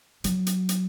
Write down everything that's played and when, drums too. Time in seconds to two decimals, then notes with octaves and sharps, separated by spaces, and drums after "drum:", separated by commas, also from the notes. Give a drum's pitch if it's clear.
0.24 F#3, drum: hi-hat
0.47 drum: hi-hat
0.69 drum: hi-hat